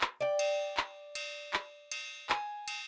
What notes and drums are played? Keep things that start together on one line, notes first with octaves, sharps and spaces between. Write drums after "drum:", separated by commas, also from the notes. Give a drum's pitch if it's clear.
drum: clap
D5 G5
drum: cymbal
drum: clap
drum: cymbal
drum: clap
drum: cymbal
G#5, drum: clap
drum: cymbal